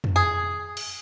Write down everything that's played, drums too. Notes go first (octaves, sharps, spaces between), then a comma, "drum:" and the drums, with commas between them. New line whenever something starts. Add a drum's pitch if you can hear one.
drum: tom F2
G#4
drum: cymbal